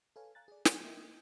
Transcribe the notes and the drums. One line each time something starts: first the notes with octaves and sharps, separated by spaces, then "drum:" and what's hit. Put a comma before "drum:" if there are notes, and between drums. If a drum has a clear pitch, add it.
A4 B4 C#5 F5 G#5
F5 G#5 A#5 F#6 A6
G#4 D5
G#4 A4 D5 D#5 F#5 G#5, drum: snare
A#3 A#4 D#5 E5 G5